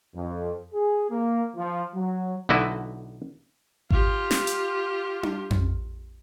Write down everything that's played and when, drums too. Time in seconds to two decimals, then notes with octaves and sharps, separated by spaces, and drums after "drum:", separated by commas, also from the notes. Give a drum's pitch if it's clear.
0.16 F2
0.74 G#4
1.11 A#3
1.56 F3
1.95 F#3
2.49 B1 D3 E4 F#4 D#5
3.91 F4 G4, drum: kick G#1
4.31 drum: snare
4.47 drum: hi-hat
5.23 drum: tom D4
5.50 drum: tom F2